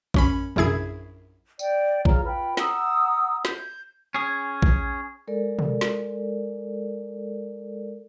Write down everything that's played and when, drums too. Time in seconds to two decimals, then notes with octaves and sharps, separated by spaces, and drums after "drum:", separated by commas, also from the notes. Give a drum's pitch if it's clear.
0.14 F#2 C#4 B5, drum: kick A#1
0.56 A#1 F#2 E4 G#4 G#6, drum: tom B2
1.59 D5 G5, drum: tambourine
2.05 F4 G#4 C#5 A#5, drum: kick A#1
2.24 F4 B4 G5 B5
2.57 F#5 A#5 D#6 E6, drum: snare
3.45 G6, drum: snare
4.14 C#4 G#4
4.62 drum: kick A#1
5.28 G#3 A4 A#4 D5
5.59 drum: tom B2
5.81 drum: snare